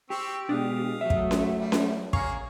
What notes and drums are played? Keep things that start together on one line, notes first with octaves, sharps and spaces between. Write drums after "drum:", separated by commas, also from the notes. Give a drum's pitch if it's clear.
C4 G4 C#6 E6
B2 G#3 D4 F5 D#6
F#3 A3 E5
drum: kick
drum: snare C#4
G3
drum: snare C#4
A#3 G#4 A#4 C#5 F5 C#6, drum: kick